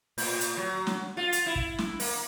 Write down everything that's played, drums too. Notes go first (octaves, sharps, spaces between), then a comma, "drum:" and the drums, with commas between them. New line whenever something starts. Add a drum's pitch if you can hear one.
A2, drum: open hi-hat
drum: hi-hat
F#3
drum: snare
F4
drum: hi-hat
E4
drum: kick
drum: snare
A#3, drum: open hi-hat